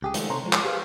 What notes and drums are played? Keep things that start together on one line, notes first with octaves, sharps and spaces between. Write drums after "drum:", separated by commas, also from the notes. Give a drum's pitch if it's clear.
C#2 G4 G#4
D#3 F3 G#3 A3, drum: hi-hat
C3 A4 C5 C#5 A#5 C6
F3 G#3 F4
drum: clap
G4 G#4 B4 C5 F5